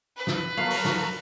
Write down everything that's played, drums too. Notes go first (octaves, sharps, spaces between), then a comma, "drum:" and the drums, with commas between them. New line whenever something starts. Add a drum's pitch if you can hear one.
B4
drum: snare
F#3 A4 A#4 F5
drum: open hi-hat
drum: snare